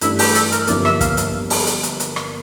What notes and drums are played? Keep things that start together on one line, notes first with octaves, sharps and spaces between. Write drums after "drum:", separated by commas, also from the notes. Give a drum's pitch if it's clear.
G2 E3 A3 D4 E4, drum: hi-hat
G4, drum: open hi-hat
A4, drum: hi-hat
A#4, drum: hi-hat
G1 G2 F3 A#3 D5, drum: hi-hat
E5, drum: rim click
F5, drum: kick, hi-hat
drum: hi-hat
drum: open hi-hat
drum: hi-hat
drum: hi-hat
drum: hi-hat
drum: rim click